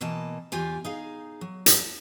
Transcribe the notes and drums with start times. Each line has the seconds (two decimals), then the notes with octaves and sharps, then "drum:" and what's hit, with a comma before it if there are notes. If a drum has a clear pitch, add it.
0.01 B2 E3 A#3 D#5 A5
0.52 E2 F4 G4 G#5
0.85 D#4 G#4 F5
1.41 F#3
1.66 drum: hi-hat